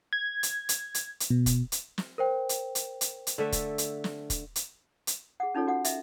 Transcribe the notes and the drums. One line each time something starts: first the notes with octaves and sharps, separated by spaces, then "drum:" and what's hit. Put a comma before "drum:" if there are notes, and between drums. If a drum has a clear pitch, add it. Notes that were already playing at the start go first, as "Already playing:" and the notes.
G#6
drum: hi-hat
drum: hi-hat
drum: hi-hat
drum: hi-hat
B2
drum: kick, hi-hat
drum: hi-hat
drum: snare
A#4 C5 G5
drum: hi-hat
drum: hi-hat
drum: hi-hat
drum: hi-hat
D3 A3 E5
drum: kick, hi-hat
drum: hi-hat
drum: snare
drum: kick, hi-hat
drum: hi-hat
drum: hi-hat
G#4 F#5
C#4 D#4 F4 A4 C#5
F#4 F#5
D#5 E5, drum: hi-hat